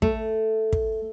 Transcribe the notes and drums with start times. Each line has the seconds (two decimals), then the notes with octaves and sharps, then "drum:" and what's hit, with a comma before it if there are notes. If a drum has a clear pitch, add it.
0.02 A3, drum: kick
0.73 drum: kick